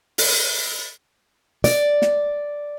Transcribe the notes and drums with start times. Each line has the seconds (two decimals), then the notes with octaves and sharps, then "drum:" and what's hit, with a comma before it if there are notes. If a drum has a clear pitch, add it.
0.18 drum: open hi-hat
1.64 D5, drum: hi-hat
2.02 drum: snare